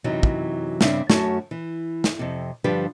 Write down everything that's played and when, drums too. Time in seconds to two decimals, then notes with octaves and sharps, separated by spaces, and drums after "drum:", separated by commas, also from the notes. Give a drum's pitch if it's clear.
0.04 F#2 C3 E3 F#3 D#4
0.23 drum: kick
0.81 G2 C#3 C4 D4 E5, drum: snare
1.10 F#2 A3 C#4 F#4 C#5 A5, drum: snare
1.51 E3
2.04 drum: snare
2.19 F2 C3
2.64 G2 D3 F3 G4 B4